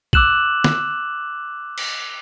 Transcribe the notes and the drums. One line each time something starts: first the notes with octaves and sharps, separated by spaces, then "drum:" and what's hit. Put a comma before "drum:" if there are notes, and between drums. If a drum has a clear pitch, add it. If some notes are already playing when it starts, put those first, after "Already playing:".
D6 E6 F#6 E7 F#7, drum: kick
drum: snare
drum: cymbal